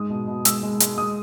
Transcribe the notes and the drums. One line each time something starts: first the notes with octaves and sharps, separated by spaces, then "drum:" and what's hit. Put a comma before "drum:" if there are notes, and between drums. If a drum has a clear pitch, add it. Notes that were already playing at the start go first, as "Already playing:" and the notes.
Already playing: G#2 G#3 D#6
B2
B2
G#3 E6, drum: hi-hat
G#3
G#3, drum: hi-hat
G#3 D#6